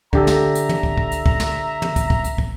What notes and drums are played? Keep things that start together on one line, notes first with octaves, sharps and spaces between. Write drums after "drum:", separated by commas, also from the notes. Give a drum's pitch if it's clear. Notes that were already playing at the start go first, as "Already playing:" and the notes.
D3 G4 A4 E5 A#5, drum: kick
drum: snare
drum: hi-hat
drum: tom
drum: kick
drum: kick
drum: hi-hat
drum: kick
drum: snare
drum: tom
drum: kick, hi-hat
drum: kick
drum: hi-hat
drum: kick